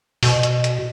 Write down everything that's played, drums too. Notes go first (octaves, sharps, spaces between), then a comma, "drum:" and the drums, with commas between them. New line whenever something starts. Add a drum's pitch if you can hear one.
B2, drum: open hi-hat
drum: hi-hat
drum: hi-hat